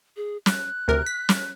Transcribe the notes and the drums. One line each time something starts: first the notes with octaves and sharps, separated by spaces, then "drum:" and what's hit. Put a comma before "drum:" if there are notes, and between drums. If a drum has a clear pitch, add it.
G#4
F#6, drum: snare
D2 C3 A#4
B6
drum: snare